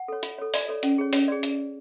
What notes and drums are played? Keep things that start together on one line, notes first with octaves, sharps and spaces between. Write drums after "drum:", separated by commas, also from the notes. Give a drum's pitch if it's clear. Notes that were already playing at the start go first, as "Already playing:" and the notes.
Already playing: F#5
A4 C#5
F4, drum: hi-hat
A4 C#5
F4 D5, drum: open hi-hat
A4 C#5
C#4, drum: hi-hat
G#4 C#5
C#4 C#5, drum: open hi-hat
G#4 C#5 D5
drum: hi-hat